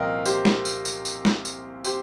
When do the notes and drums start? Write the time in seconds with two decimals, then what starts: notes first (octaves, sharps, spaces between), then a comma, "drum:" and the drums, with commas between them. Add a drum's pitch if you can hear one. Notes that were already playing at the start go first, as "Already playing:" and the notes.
Already playing: C2 A#2 F3 A#4 D#5 F5 G5
0.25 G4 C5, drum: tambourine
0.45 drum: snare
0.65 drum: tambourine
0.85 drum: tambourine
1.05 drum: tambourine
1.25 drum: snare
1.45 drum: tambourine
1.84 G4 C5, drum: tambourine